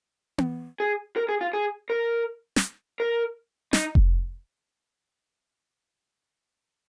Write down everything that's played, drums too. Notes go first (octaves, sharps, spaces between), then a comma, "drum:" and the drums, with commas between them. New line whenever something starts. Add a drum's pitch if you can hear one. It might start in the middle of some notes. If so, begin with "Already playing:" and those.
drum: tom B3
G#4
A#4
G#4
F4
G#4
A#4
drum: snare
A#4
D#4, drum: snare
drum: kick F1